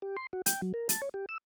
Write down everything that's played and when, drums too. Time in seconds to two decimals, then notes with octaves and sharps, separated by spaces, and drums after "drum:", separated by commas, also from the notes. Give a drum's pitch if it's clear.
0.02 G4
0.17 C6
0.33 F#4
0.46 G5, drum: hi-hat
0.62 F#3
0.74 A#4
0.89 A5, drum: hi-hat
1.02 C#5
1.14 G4
1.29 E6